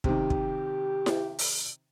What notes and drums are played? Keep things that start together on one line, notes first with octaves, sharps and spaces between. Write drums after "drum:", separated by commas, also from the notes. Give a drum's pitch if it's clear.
C3 D#3 G4, drum: kick
drum: kick
drum: snare E4
drum: open hi-hat